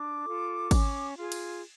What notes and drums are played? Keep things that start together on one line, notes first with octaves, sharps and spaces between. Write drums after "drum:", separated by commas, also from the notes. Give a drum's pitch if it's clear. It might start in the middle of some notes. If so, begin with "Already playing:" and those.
Already playing: D4 D6
F4 A4
C#4, drum: kick G#1, cymbal
F4 G#4
drum: cymbal